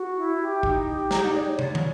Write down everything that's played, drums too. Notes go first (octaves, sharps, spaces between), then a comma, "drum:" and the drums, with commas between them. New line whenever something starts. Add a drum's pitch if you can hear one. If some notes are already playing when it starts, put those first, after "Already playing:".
Already playing: F#4
E4
G4
D#4, drum: kick
G4
D#4 A#5, drum: snare
F#5
G#4 D5
C#5
C#5 D5, drum: tom
drum: tom